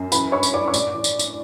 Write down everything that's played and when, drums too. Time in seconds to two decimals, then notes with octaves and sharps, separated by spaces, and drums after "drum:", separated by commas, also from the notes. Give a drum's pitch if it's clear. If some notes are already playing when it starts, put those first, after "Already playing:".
Already playing: F#2
0.12 E3 B4 B5, drum: tambourine
0.32 G2 C#5 C#6
0.43 drum: tambourine
0.53 G2 D5 D6
0.68 C#6
0.74 A2 D5 D6, drum: tambourine
0.94 E3
1.04 drum: tambourine
1.19 drum: tambourine